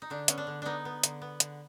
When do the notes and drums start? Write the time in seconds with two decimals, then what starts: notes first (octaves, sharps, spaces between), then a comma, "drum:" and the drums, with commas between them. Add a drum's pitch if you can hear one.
0.02 D#4
0.10 D3 D4
0.28 B3 C#4, drum: hi-hat
0.38 D4
0.47 D3
0.62 B3 D4 D#4
0.85 B3
1.04 D3, drum: hi-hat
1.22 B3
1.40 D3, drum: hi-hat